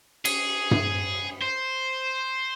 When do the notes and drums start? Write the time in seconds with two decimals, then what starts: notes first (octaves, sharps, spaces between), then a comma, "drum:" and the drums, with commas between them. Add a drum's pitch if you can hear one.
0.25 G#4, drum: cymbal
0.71 drum: tom G2
1.42 C5